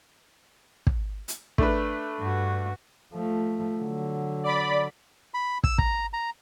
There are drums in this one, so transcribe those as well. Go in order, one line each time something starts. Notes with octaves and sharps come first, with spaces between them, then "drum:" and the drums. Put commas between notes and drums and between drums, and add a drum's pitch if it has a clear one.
drum: kick
drum: hi-hat
A3 D4 B4, drum: kick
G2 F#4
F3 A3
D3 F#3
D5 B5
B5
E6, drum: kick
A#5, drum: kick
A#5